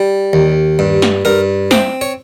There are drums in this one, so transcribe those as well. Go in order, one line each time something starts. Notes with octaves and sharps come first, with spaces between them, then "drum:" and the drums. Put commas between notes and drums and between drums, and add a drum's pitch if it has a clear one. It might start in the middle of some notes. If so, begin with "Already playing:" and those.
Already playing: G3
D#2
G2
drum: snare
G2 A#4
C4 C5, drum: snare
C#5